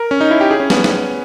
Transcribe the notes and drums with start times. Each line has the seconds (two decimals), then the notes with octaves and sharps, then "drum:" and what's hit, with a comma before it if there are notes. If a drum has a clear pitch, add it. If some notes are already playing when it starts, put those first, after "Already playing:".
Already playing: A#4
0.11 C#4
0.21 D#4
0.31 E4
0.41 G4
0.51 G#4
0.60 C#4
0.70 B3, drum: snare
0.84 drum: snare